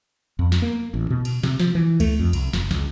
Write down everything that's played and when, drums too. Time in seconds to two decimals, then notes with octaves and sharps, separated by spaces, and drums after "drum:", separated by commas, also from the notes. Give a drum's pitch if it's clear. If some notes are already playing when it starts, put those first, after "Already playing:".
0.39 F2
0.52 drum: snare
0.62 A#3
0.94 A1
1.10 B2
1.25 drum: cymbal
1.43 C3, drum: snare
1.60 F3, drum: snare
1.75 E3
2.00 A3, drum: kick C#2, cymbal
2.19 F2
2.33 C2, drum: cymbal
2.53 F#1, drum: snare
2.71 C#2, drum: snare